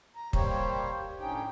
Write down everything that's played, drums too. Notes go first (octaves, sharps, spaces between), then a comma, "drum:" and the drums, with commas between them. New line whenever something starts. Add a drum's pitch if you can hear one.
A#5
G3 A#3 G4 C5 C#5, drum: kick
A2 D3 C#4 D#4 G4 G5